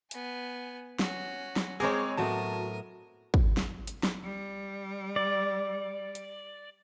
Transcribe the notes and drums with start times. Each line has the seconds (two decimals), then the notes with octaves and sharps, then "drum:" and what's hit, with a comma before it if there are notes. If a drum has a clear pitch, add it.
0.11 B3 G#5, drum: hi-hat
0.99 C#4 F#4, drum: snare
1.56 drum: snare
1.80 G#3 C4 G#4 A#4 C#5 D6
2.17 A2 F#3 B3 F#4 A#4 A5 D#6
3.34 drum: kick
3.57 drum: snare
3.87 drum: hi-hat
4.03 drum: snare
4.23 G3
5.16 D5
6.15 drum: hi-hat